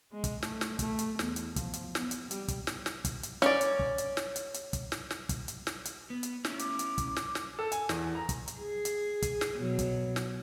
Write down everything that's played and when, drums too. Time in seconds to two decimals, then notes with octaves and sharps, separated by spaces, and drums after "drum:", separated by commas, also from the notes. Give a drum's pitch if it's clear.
0.12 G#3
0.24 drum: kick, hi-hat
0.43 A3, drum: snare
0.61 drum: snare
0.79 A3, drum: kick, hi-hat
0.99 drum: hi-hat
1.19 E2, drum: snare
1.36 drum: hi-hat
1.56 F3, drum: kick, hi-hat
1.73 drum: hi-hat
1.95 B3, drum: snare
2.11 drum: hi-hat
2.31 G3, drum: hi-hat
2.48 drum: kick, hi-hat
2.67 drum: snare
2.86 drum: snare
3.05 drum: kick, hi-hat
3.23 drum: hi-hat
3.42 C#4 D5, drum: snare
3.61 drum: hi-hat
3.79 drum: kick
3.98 drum: hi-hat
4.17 drum: snare
4.36 drum: hi-hat
4.54 drum: hi-hat
4.73 drum: kick, hi-hat
4.92 drum: snare
5.11 drum: snare
5.29 drum: kick, hi-hat
5.48 drum: hi-hat
5.67 drum: snare
5.85 drum: hi-hat
6.10 B3
6.23 drum: hi-hat
6.45 C#4 E4, drum: snare
6.59 D6, drum: hi-hat
6.79 drum: hi-hat
6.98 drum: kick, hi-hat
7.16 drum: snare
7.35 drum: snare
7.59 A4
7.72 G#5, drum: hi-hat
7.89 E2, drum: snare
8.15 A#5
8.29 drum: kick, hi-hat
8.48 drum: hi-hat
8.57 G#4
8.85 drum: hi-hat
9.22 drum: kick, hi-hat
9.41 drum: snare
9.56 B2 F#3
9.79 drum: kick, hi-hat
10.16 drum: snare